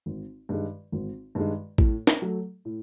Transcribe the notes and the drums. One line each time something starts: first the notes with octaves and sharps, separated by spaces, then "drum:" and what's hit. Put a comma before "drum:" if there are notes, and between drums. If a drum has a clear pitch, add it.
G#1
G2 D#3 G#3
G#1
G2 D#3 G#3
A2, drum: kick A1
drum: snare
F#3 A3
A2